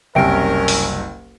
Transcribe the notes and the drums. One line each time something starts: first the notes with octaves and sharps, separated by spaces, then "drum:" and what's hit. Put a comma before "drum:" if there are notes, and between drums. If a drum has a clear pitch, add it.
F#1 C2 C3 C#4 A#4 E5 G5 D7
drum: open hi-hat